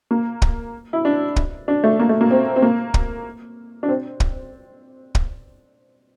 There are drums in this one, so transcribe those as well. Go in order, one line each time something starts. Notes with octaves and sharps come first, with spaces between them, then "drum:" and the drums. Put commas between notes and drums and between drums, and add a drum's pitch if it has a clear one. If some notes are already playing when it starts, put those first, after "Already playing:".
A#3
drum: kick
E4
D4
drum: kick
D4
A3
A#3
A3
A#3
C4
C4
A#3
drum: kick
D4
C4
drum: kick
drum: kick